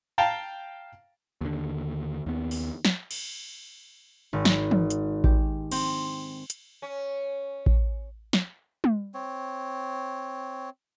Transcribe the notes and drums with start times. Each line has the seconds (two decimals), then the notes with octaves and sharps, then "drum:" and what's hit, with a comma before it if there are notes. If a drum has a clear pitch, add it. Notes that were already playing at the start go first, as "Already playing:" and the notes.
0.18 F5 G5 A5 A#5
1.41 D#2 D3
2.26 D#2 B3
2.51 drum: open hi-hat
2.85 drum: snare
3.11 drum: cymbal
4.33 G#1
4.45 drum: snare
4.71 drum: tom
4.90 drum: hi-hat
5.24 G4, drum: kick A1
5.72 C4, drum: cymbal
6.50 drum: hi-hat
6.82 C#4
7.66 drum: kick A1
8.33 drum: snare
8.84 drum: tom
9.14 C4 C#5